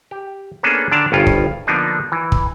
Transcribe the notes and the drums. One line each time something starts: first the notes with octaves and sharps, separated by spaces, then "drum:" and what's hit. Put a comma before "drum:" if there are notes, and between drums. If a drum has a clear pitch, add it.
G4
A#3 B3 C#4 D4 G#4 A4
D3 D#3 D4 D5 A5 A#5
G1 C2 G2 C#4 F4
drum: kick
D3 F3 A#3 B3 D4 D#4
E3
drum: kick